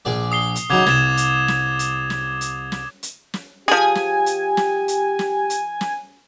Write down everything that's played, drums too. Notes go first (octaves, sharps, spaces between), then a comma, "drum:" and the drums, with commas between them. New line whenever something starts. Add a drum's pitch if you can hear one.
A#1 G#4 D5
D#6 C7 G7
drum: hi-hat
C#3 F#3 D#4 D6 G#6 F7
C2 G#6 A6 E7, drum: snare
drum: hi-hat
drum: snare
drum: hi-hat
drum: snare
drum: hi-hat
drum: snare
drum: hi-hat
drum: snare
F3 G4 G#4 G#5
drum: snare
drum: hi-hat
drum: snare
drum: hi-hat
drum: snare
drum: hi-hat
drum: snare